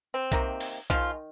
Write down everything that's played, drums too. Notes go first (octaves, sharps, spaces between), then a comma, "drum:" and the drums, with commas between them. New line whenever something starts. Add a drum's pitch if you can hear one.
C4
C3 D#3 A#3, drum: kick B1, hi-hat
drum: open hi-hat
D#3 F3 G#3 F4, drum: kick B1, hi-hat